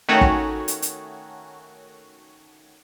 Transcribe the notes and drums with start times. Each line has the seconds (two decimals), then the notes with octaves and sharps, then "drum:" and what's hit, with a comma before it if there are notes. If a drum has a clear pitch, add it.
0.08 D#3 A3 C#4 F#4 C#5
0.21 drum: kick
0.68 drum: hi-hat
0.82 drum: hi-hat